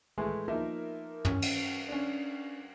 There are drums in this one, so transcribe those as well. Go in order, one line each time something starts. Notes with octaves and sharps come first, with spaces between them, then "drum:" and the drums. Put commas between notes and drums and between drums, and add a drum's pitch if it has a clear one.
A2 E3 G#3 A3 E4 G#4
F3 A#3 B3 D#4 A#4 E5
C#4, drum: tom
drum: cymbal
C#4 D4